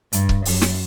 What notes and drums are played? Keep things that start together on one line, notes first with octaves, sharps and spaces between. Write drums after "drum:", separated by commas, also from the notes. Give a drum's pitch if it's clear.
G2, drum: hi-hat
drum: kick C#1
F#2, drum: open hi-hat
drum: snare